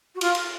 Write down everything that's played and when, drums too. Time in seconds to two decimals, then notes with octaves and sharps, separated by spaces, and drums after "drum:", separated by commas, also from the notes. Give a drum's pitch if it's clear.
0.15 F#4
0.21 F4, drum: cymbal
0.35 drum: cymbal